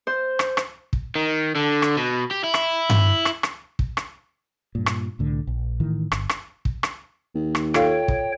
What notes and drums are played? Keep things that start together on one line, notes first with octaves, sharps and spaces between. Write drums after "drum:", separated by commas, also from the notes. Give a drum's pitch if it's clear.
C5
drum: rim click
drum: rim click
drum: kick
D#3
D3
drum: rim click
B2
G4
E4
drum: rim click
drum: tom G2
drum: rim click
drum: rim click
drum: kick
drum: rim click
G2 A#2
drum: rim click
C2 A2 D3
A#1
A2 D#3 E3
G1, drum: rim click
drum: rim click
drum: kick
drum: rim click
D#2
drum: rim click
F4 A4 C#5 F5 G5, drum: rim click
drum: kick